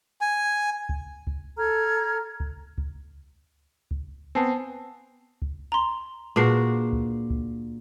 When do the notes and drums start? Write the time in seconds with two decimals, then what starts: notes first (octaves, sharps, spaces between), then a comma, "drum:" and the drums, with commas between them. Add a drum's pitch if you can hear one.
0.21 G#5
0.89 drum: kick C#2
1.27 drum: kick C#2
1.58 A4 A#5 F6 G#6
2.40 drum: kick C#2
2.78 drum: kick C#2
3.91 drum: kick C#2
4.35 B3 C4 G#5 A5 C7
5.42 drum: kick C#2
5.72 A#5 C6
6.36 A#2 D4 F#4 G#4 B4 C7
6.93 drum: kick C#2
7.30 drum: kick C#2